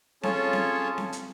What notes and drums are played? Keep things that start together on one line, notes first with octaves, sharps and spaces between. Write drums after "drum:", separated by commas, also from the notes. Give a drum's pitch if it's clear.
C#4 F4 G#4 A4 C#5 A5, drum: snare C4
drum: snare C4
drum: snare C4
drum: hi-hat